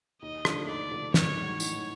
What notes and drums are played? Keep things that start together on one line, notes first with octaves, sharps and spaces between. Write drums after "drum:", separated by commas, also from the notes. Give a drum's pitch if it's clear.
D#2 D#5
D3 F3 A3 D4, drum: rim click
D#2 D5
D3 F3 A3 D4
A1 C#5, drum: snare
G#2 D#3 F#3
A1 C#5, drum: tambourine